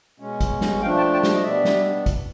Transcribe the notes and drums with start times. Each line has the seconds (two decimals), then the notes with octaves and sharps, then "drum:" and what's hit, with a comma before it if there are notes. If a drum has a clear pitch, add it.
0.20 B2 G#3 C#4
0.41 drum: kick G#1, hi-hat
0.61 drum: snare
0.82 F3 A3 D4 F5 G5
0.97 G5 A5
1.13 G5 A5
1.23 drum: snare
1.35 D#5
1.43 B2 G3 B3 D4 D5 E5
1.65 drum: snare
2.06 drum: kick G#1, hi-hat